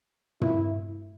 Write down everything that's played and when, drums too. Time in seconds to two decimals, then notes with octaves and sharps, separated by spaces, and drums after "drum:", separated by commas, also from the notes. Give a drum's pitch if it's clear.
0.41 E4, drum: tom